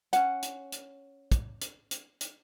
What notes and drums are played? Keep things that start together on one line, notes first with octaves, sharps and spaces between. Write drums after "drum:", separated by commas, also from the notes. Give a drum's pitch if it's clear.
C#4 F#5, drum: hi-hat
drum: hi-hat
drum: hi-hat
drum: kick, hi-hat
drum: hi-hat
drum: hi-hat
drum: hi-hat